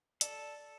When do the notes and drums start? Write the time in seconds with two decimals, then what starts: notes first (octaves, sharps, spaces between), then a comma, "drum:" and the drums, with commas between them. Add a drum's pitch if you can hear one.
0.21 A4 D5, drum: hi-hat